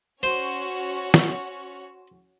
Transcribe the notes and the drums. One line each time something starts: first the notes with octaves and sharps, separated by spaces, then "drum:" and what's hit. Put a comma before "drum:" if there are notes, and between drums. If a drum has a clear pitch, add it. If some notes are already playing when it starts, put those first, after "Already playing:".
C#4 F#4 C5 C#5
drum: snare